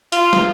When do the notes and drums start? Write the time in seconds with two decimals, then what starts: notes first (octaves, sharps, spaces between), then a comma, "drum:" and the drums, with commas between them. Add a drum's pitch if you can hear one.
0.12 F4, drum: hi-hat
0.33 drum: snare